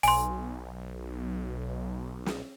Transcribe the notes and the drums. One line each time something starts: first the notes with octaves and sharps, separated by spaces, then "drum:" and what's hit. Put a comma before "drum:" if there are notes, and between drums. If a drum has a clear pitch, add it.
B1 G#5 C6, drum: open hi-hat
drum: snare